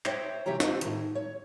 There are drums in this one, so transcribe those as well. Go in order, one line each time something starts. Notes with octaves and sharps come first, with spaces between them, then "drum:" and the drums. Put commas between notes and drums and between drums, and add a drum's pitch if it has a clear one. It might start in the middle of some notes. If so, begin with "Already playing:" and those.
C5 C#5 E5 G5, drum: clap
C3 E3 G4 C#5 A#5
F4 C5, drum: snare
A2 D#3, drum: hi-hat
C#5